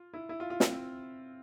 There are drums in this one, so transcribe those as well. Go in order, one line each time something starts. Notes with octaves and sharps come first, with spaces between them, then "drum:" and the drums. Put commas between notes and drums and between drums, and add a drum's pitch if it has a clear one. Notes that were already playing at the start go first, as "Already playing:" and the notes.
Already playing: F4
E4
E4
F4
F4
C4, drum: snare